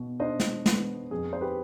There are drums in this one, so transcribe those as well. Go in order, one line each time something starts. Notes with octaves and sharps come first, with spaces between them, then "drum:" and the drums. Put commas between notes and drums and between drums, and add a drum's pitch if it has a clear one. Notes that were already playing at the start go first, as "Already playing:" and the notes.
Already playing: B2
D4 C5 D#5
drum: snare
B3, drum: snare
F2 G#4
C5
G4 B4